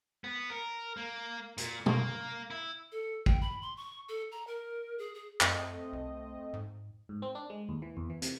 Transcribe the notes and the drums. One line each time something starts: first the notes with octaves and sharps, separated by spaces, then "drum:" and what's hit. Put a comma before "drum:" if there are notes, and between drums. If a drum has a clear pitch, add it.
B3
A#4
A#3
A#2, drum: hi-hat
A#3, drum: tom
E4
A4
G5, drum: kick
B5
C6
C#6
A4
A#5
A#4
G#4
G#4
F#2 A3 C4 D#5, drum: clap
C2
G#2
G#2
C4
D4
G#3
D#2
E3
E2
E3
C3, drum: hi-hat